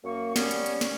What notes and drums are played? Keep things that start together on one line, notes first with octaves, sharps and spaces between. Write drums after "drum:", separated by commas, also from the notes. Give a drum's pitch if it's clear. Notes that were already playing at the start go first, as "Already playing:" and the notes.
F#2 A#3 C#6
G3 B3 C#4, drum: snare
drum: hi-hat
drum: hi-hat
drum: snare